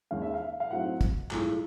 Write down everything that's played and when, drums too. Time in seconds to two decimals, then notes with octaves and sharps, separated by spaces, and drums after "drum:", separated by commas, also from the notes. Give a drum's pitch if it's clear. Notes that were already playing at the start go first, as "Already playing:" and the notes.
0.11 D#2 D#3 G#3 C#4 F5
0.22 E5
0.34 F5
0.60 F5
0.71 A2 F#3 A3 C4 D#4 F#5
1.01 drum: kick, hi-hat
1.31 B1 A2 F3 G#3, drum: clap